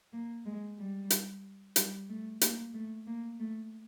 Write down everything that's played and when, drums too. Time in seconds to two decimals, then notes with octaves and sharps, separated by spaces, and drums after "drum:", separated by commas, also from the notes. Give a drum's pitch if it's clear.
0.13 A#3
0.46 G#3
0.78 G3
1.10 drum: hi-hat
1.76 G3, drum: hi-hat
2.09 A3
2.41 A#3, drum: hi-hat
2.74 A3
3.07 A#3
3.40 A3